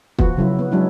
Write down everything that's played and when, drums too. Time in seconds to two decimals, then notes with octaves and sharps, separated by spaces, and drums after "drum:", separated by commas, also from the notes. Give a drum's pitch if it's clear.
0.19 F3 B3 F#4, drum: kick
0.37 C#3 F#3 E4
0.59 B3
0.72 F#3 G#3 C#4 D4 E4